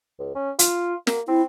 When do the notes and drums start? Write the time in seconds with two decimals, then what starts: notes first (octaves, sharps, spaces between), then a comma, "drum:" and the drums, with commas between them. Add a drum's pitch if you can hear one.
0.19 C#2
0.35 C#4
0.59 F4, drum: hi-hat
1.07 A#3, drum: snare
1.28 C4 E4